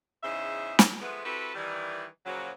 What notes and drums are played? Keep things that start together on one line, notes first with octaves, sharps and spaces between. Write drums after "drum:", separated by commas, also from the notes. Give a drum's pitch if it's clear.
E2 C#3 D#4 C5 E5
drum: snare
F3 G#3 A3 B3
C4 E4 F#4 G4 A4 B4
D#3 E3 G3
A#2 C#3 F3 F#3